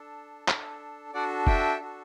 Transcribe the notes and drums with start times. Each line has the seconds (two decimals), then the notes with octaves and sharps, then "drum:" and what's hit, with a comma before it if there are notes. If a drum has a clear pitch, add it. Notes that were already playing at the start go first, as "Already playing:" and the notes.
Already playing: D4 A4
0.48 D4 A4, drum: clap
1.14 D4 F#4 A4 D5 F#5
1.47 E5 G5, drum: kick F1
1.80 D4 F#4 A4